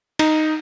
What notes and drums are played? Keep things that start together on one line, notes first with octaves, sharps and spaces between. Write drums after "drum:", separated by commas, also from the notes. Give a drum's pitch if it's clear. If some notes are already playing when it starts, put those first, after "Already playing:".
D#4, drum: cymbal